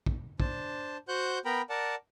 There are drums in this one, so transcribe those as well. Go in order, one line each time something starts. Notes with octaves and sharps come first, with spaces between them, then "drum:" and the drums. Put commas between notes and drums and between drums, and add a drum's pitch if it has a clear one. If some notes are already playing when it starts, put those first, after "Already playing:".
drum: kick
D4 C5 A5, drum: kick
F#4 C5 F#5 F#6 G6
B3 A#4 G5 A#5 B5
A#4 D5 F#5 A5